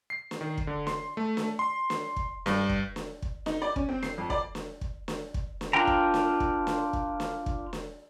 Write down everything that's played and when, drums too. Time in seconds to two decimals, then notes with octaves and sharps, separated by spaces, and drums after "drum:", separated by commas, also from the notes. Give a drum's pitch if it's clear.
0.10 C7
0.31 drum: snare
0.41 D#3
0.58 drum: kick
0.67 D3
0.87 C6, drum: snare
1.17 A3
1.37 drum: snare
1.59 C6
1.90 drum: snare
2.16 drum: kick
2.46 G2, drum: snare
2.69 drum: kick
2.96 drum: snare
3.22 drum: kick
3.46 D#4, drum: snare
3.62 D5
3.76 C#4, drum: kick
3.89 C4
4.03 C7, drum: snare
4.18 F2
4.30 D5, drum: kick
4.55 drum: snare
4.81 drum: kick
5.08 drum: snare
5.34 drum: kick
5.61 drum: snare
5.73 D4 F4 A#4 G5 A#5
5.87 drum: kick
6.14 drum: snare
6.40 drum: kick
6.67 drum: snare
6.93 drum: kick
7.20 drum: snare
7.46 drum: kick
7.73 drum: snare